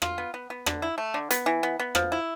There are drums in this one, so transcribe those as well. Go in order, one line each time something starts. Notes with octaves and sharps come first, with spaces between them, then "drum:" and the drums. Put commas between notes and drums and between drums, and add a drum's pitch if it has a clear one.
F4, drum: rim click
B3
B3
B3
D3, drum: rim click
E4
A3
D3
B3, drum: hi-hat
E3
B3
B3
F3, drum: rim click
E4